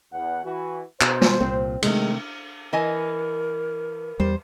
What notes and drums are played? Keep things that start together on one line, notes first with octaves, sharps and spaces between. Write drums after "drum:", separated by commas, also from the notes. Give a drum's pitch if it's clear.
E2 F#5
E3 F#4
B2 C5, drum: clap
drum: snare
C2 A#2 C4
C3 D#3 G#3 A3, drum: cymbal
E3 A#4 D#5 G#5
E2 G3 C5